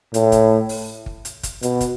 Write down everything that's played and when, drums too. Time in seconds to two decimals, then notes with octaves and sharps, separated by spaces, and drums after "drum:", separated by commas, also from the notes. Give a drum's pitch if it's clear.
0.14 A2, drum: hi-hat
0.32 drum: kick, hi-hat
0.69 drum: open hi-hat
1.06 drum: kick
1.25 drum: hi-hat
1.43 drum: kick, hi-hat
1.63 B2, drum: hi-hat
1.81 drum: kick, hi-hat